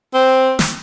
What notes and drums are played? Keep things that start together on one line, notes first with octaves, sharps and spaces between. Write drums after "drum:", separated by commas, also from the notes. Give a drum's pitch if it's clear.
C4
drum: snare